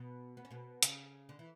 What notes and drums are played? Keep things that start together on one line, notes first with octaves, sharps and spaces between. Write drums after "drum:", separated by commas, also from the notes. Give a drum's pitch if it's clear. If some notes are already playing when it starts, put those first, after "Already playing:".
Already playing: B2 B3
B3
C#4
B2 B3
C#3 C#4, drum: hi-hat
D3
E3